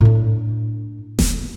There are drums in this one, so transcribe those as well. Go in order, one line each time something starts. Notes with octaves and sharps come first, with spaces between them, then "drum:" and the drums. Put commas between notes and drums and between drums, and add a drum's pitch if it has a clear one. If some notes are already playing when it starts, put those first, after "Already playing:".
A2 D4
drum: snare E1